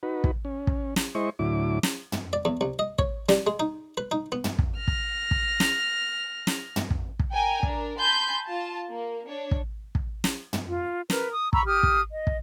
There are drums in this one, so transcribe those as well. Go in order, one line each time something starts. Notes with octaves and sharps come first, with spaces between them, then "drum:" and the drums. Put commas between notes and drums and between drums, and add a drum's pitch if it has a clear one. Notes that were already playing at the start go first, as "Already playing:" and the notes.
D#4 F#4 B4
drum: kick
C#4
drum: kick
drum: snare
G#3 E4 C5 D#5 C#6
D2 A2 F#3 E4 D6
drum: snare
drum: tom
D5
E2
C2
D#5
C#5, drum: kick
G3, drum: snare
G#3
D#4
B4
D#4
B3
drum: tom
drum: kick
F6 A#6
drum: kick
drum: kick
drum: snare
drum: snare
drum: tom
drum: kick
drum: kick
A#4 G5 G#5 A#5
D4 A#4, drum: kick
G#5 A5 B5 C6 G6
F4 A5
A#3
D4 C#5
drum: kick
drum: kick
drum: snare
drum: tom
F4
A#4 B4, drum: snare
D#6
A#5 B5 C#6 E6, drum: kick
G4 D#6 F6
drum: kick
D#5
drum: kick